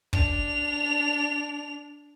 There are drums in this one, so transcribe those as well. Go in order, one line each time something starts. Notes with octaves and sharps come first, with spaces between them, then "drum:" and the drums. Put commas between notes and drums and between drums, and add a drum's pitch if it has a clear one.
D4 F7, drum: kick